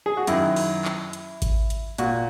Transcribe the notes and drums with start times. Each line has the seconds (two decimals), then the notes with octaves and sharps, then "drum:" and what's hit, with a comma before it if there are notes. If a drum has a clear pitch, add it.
0.06 G#4
0.17 F#4
0.27 F#2 D#3 E4, drum: hi-hat
0.56 drum: open hi-hat
0.85 drum: clap
1.13 drum: hi-hat
1.42 drum: kick G#1, hi-hat
1.70 drum: hi-hat
1.98 A#2 F#4, drum: hi-hat